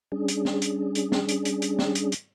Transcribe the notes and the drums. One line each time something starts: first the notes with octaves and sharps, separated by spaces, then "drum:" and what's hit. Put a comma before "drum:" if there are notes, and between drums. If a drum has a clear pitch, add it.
G3 C#4 D4 G#4
drum: hi-hat
drum: snare
drum: hi-hat
drum: hi-hat
drum: snare
drum: hi-hat
drum: hi-hat
drum: hi-hat
drum: snare
drum: hi-hat
drum: hi-hat